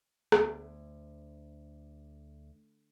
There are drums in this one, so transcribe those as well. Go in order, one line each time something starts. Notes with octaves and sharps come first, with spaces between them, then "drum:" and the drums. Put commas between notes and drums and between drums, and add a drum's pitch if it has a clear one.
D2 B3 E5 G5, drum: rim click